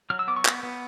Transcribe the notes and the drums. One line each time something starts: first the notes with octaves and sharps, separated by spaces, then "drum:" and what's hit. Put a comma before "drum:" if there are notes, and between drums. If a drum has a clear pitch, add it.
F#3 F6
E6
B3 D6
C#6
B3, drum: clap
B3